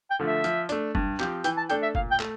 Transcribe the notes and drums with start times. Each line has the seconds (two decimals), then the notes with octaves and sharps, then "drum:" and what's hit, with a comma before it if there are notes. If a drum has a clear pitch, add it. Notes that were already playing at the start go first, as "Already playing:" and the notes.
0.11 G5
0.19 D3 F3 A3
0.27 E5
0.44 F3, drum: hi-hat
0.69 A3 D4, drum: hi-hat
0.95 G2, drum: kick
1.20 F3 C4 G4, drum: clap
1.44 E3 G5, drum: hi-hat
1.57 A5
1.70 A3 D4 A4 G5, drum: hi-hat
1.83 E5
1.95 A#2 F5, drum: kick
2.11 G5
2.20 A3, drum: clap